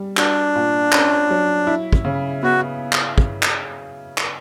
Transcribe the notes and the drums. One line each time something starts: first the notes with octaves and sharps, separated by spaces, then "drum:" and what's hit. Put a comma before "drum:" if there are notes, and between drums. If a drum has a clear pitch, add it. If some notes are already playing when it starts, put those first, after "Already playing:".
Already playing: G3
D4 F#4, drum: clap
A#2
C#4, drum: clap
F#3
E4
drum: kick
C#3
B3 F#4
drum: clap
drum: kick
drum: clap
drum: clap